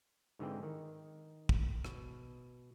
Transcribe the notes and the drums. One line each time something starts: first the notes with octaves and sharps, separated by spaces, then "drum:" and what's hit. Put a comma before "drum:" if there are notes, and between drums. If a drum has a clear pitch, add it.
G#2 D3 E3 C4 G#4 G5
D#3
drum: kick
B2, drum: rim click